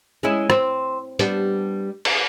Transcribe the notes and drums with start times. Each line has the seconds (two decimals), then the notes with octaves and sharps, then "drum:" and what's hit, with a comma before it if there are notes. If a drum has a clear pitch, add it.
0.23 G#3 C#4 E4
0.50 C4, drum: rim click
1.19 G3 B3 D4, drum: hi-hat
2.05 drum: cymbal